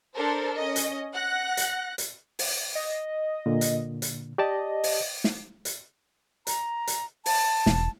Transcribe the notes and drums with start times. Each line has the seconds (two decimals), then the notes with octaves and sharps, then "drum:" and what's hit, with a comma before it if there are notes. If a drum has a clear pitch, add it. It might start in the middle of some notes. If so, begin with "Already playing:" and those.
0.15 D4 A4 A#4 C5
0.55 C#4 D#5
0.76 drum: hi-hat
1.13 F#5 F#6 A#6
1.57 drum: hi-hat
1.98 drum: hi-hat
2.39 drum: open hi-hat
2.75 D#5
3.46 A#2 D3
3.61 drum: hi-hat
4.02 drum: hi-hat
4.38 G4 D5 D#5 A5
4.84 drum: open hi-hat
5.24 drum: snare
5.65 drum: hi-hat
6.47 A#5, drum: hi-hat
6.87 drum: hi-hat
7.26 A5, drum: open hi-hat
7.66 E1, drum: snare